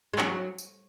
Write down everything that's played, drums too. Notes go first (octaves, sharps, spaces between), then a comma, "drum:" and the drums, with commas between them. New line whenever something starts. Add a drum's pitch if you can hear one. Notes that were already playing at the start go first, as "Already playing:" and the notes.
G#3
F#3, drum: clap
drum: tambourine